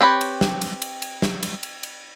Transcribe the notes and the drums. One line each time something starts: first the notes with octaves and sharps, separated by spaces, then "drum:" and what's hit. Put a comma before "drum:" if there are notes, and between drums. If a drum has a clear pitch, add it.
C4 G4 B4 C#5
drum: cymbal
drum: snare
drum: cymbal
drum: cymbal
drum: cymbal
drum: snare
drum: cymbal
drum: cymbal
drum: cymbal